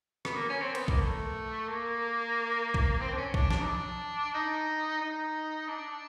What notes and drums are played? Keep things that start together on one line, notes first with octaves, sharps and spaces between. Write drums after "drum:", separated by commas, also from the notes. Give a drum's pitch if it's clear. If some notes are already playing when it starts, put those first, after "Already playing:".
B3, drum: rim click
A#3
C#4
C4
B3, drum: cymbal
A#3, drum: kick B1
A3
A#3
drum: kick B1
C4
D4
C#4
D4, drum: kick B1
D4, drum: snare
D#4
D4
D#4
D#4
D4